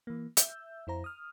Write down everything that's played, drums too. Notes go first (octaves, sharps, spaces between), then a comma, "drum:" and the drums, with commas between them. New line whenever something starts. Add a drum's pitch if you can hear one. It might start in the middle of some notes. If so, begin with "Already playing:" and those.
E3 A#3
E5 E6 G6, drum: hi-hat
F2 E4 C5 A#5
D#6 F6